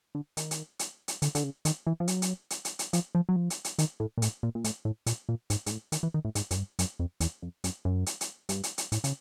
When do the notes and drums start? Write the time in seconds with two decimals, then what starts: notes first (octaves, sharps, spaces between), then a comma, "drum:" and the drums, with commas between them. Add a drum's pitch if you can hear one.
0.15 D3
0.37 D#3, drum: hi-hat
0.51 drum: hi-hat
0.79 drum: hi-hat
1.08 drum: hi-hat
1.22 D3, drum: hi-hat
1.35 D3, drum: hi-hat
1.44 C#3
1.65 D#3, drum: hi-hat
1.87 E3
2.00 F3
2.08 F#3, drum: hi-hat
2.22 drum: hi-hat
2.50 drum: hi-hat
2.65 drum: hi-hat
2.79 drum: hi-hat
2.93 F3, drum: hi-hat
3.15 F3
3.29 F#3
3.36 F3
3.50 drum: hi-hat
3.64 drum: hi-hat
3.78 D#3, drum: hi-hat
4.00 A2
4.18 A#2
4.22 A2, drum: hi-hat
4.43 A#2
4.55 A#2
4.64 A2, drum: hi-hat
4.85 A2
5.06 A#2, drum: hi-hat
5.29 A#2
5.50 G#2, drum: hi-hat
5.66 G#2, drum: hi-hat
5.71 A2
5.92 D#3, drum: hi-hat
6.03 E3
6.14 D#3
6.25 A2
6.35 G#2, drum: hi-hat
6.51 F#2, drum: hi-hat
6.57 G2
6.79 F#2, drum: hi-hat
6.99 F2
7.20 E2, drum: hi-hat
7.42 F2
7.64 F#2, drum: hi-hat
7.85 F#2
8.06 drum: hi-hat
8.21 drum: hi-hat
8.49 G2, drum: hi-hat
8.63 drum: hi-hat
8.78 drum: hi-hat
8.92 A2, drum: hi-hat
9.04 C#3, drum: hi-hat